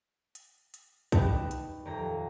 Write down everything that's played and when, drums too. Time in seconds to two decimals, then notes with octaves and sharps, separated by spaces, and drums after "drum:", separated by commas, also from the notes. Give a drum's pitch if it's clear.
0.35 drum: hi-hat
0.74 drum: hi-hat
1.12 D#4 F#4 G4 B4 A5, drum: kick, hi-hat
1.51 drum: hi-hat
1.85 D#1 F2 G4 A#5